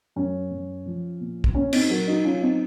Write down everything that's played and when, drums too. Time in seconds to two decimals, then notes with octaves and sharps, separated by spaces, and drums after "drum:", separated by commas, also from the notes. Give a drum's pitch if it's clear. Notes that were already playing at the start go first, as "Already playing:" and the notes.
0.16 F#2 C#4
0.51 F#2
0.86 F3
1.21 A#2
1.44 drum: kick
1.55 A#2 C#4
1.73 C4 D#4, drum: cymbal
1.90 F#3 F#4 A#4
2.07 D#4 F#4
2.24 F#3 C#4 F4
2.42 C4 D#4